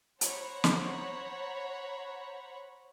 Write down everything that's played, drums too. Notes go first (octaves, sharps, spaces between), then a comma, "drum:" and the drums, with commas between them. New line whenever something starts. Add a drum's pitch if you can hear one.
C5 C#5 F#5 A#5 B5, drum: hi-hat
drum: snare